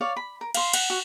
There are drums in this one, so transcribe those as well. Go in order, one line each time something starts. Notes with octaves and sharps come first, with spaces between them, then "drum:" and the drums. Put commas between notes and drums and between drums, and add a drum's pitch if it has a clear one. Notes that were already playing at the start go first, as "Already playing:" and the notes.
C#5 D5 F5
B5
A#4
F5 C6, drum: cymbal
F#5, drum: cymbal
F#4